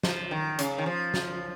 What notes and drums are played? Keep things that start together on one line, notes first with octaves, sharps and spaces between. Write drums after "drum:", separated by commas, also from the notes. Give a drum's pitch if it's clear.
F3, drum: snare
D#3
C#3, drum: hi-hat
D#3
F3
drum: snare